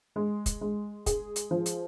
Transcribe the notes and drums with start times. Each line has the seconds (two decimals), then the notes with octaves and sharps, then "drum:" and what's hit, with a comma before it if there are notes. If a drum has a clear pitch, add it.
0.16 G#3
0.46 drum: kick, hi-hat
0.61 G#3
1.06 G#4, drum: kick, hi-hat
1.36 drum: hi-hat
1.51 F3
1.66 drum: hi-hat